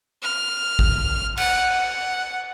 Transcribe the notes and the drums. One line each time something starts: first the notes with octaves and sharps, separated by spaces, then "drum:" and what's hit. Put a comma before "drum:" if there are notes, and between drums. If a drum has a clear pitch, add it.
F6
drum: kick
F#5, drum: cymbal
F#5